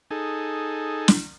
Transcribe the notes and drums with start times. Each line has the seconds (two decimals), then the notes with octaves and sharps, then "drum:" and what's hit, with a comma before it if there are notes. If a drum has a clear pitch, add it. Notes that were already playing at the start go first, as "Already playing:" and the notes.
0.11 D#4 G#4 A4
1.08 drum: snare